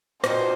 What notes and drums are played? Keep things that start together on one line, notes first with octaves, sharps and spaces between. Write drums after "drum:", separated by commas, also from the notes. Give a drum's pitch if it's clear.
A#2 F3 C4 D#4 F#4 C5, drum: rim click